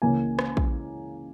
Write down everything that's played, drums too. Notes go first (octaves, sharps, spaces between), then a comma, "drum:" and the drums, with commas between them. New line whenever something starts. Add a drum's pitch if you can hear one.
C#2 C#3 E3 A#3 C#4 G#5
drum: rim click
drum: kick